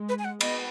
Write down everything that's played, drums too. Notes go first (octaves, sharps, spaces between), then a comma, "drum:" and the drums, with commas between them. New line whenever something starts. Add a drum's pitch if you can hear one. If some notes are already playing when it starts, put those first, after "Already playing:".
Already playing: G#3
B4
G#5
F#5
B3 D#5, drum: cymbal